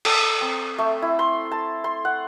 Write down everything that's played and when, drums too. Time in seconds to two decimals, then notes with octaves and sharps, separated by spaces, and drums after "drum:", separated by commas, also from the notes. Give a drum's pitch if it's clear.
0.05 A4, drum: cymbal
0.41 C4
0.78 A3
1.02 E4
1.19 C6
1.51 A5
1.84 C6
2.05 F#5